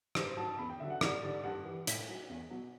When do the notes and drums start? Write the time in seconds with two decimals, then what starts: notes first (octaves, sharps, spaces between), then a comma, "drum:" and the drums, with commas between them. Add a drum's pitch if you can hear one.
0.15 G2 C5, drum: rim click
0.27 C5
0.37 F#3 A5
0.47 A5
0.59 E2 B5
0.70 G5
0.80 D3 F#3 E5
0.90 F#5
1.01 G2 D5, drum: rim click
1.23 D3 G3 D5
1.43 G2 F#5
1.65 E3 G3
1.87 A2, drum: hi-hat
2.09 F#3
2.29 E2
2.50 B2 F#3